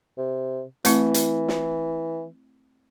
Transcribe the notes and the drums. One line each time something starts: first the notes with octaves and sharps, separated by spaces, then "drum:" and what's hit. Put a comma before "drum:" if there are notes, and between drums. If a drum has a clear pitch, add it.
C3
E3 A3 C4 E4, drum: hi-hat
drum: hi-hat
drum: snare